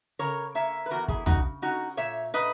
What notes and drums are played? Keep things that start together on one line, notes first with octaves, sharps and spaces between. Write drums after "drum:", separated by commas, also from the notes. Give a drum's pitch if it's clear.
C#3 A#4 C#5
A#3 C#5 E5
B4
E2 F#4 A#4
E4 G#4, drum: kick
C#3 D#4 F#4, drum: tom
C#4 D#4 F#4
A#2 C#5 E5
A#2 B4 D#5